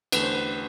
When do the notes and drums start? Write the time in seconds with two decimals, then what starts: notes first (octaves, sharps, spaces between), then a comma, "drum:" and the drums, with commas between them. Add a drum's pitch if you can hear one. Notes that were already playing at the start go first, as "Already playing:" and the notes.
0.12 E2 D3 A3 D4 B4, drum: cymbal
0.23 C5
0.34 B4